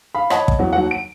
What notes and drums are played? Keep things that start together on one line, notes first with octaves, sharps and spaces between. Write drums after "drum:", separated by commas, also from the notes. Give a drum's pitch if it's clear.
F5 B5
C#5 D#5 F#5 A5 B5, drum: rim click
drum: kick
E2 F#3
D#2 F#3 F#4 F#5
D7